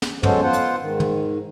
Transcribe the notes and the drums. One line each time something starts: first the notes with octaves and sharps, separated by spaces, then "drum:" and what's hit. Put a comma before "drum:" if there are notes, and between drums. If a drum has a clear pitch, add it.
drum: snare
F#3 G#3 B3 C#4 A4 C5, drum: tom
B3 F4 C5 F#5
drum: hi-hat
G#2 D#3
drum: tom